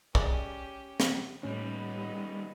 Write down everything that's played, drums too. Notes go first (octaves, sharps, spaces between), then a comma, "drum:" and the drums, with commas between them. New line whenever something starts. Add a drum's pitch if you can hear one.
G#3 C#4 G4 D5, drum: kick
drum: snare
D#2 A2 G3 B3 C#4 D#4